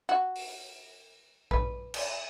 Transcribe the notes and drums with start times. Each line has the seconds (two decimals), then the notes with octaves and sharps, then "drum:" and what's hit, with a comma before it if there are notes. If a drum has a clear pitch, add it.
0.09 F#4
0.35 drum: open hi-hat
1.51 B4, drum: kick A#1
1.94 drum: cymbal